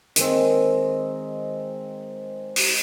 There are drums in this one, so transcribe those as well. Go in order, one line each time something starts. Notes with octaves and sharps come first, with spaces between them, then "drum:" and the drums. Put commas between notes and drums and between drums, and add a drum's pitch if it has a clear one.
D#3 G#3 C4, drum: hi-hat
drum: open hi-hat